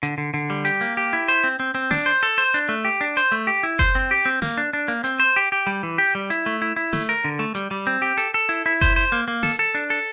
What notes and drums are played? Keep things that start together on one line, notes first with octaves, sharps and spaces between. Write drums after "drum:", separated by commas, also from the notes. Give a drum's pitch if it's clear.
D3, drum: hi-hat
D3
D3
G3
G4, drum: hi-hat
A#3
G4
E4
C5, drum: hi-hat
C4
C4
C4
D4, drum: snare
C5
A4
C5
D4, drum: hi-hat
A3
G4
D4
C5, drum: hi-hat
A3
G4
E4
C5, drum: kick F#1, hi-hat
C4
G4
C4
A#3, drum: snare
D4
D4
A#3
C4, drum: hi-hat
C5
G4
G4
G3
E3
G4
G3
E4, drum: hi-hat
A3
E4
E4
A3, drum: snare
A#4
D3
A3
G3, drum: hi-hat
G3
C4
G4
A4, drum: hi-hat
A4
E4
E4
C5, drum: kick F#1, hi-hat
C5
A#3
A#3
A4, drum: snare
A4
D4
A4